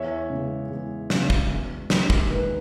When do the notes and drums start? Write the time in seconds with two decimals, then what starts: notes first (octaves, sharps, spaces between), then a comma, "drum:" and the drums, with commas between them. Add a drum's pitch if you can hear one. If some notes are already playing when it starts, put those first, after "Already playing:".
Already playing: E2 C#5 E5
0.30 C#3 G#3 B3
0.70 E2
1.10 C#3 G#3 B3, drum: snare
1.30 drum: kick
1.50 E1
1.90 D#2 D#3 G#3, drum: snare
2.10 drum: kick
2.30 E1 B4